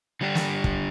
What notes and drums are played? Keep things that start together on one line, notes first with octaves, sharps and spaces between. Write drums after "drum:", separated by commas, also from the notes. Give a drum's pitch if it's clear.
D3 G3 D4 G4
drum: snare
drum: kick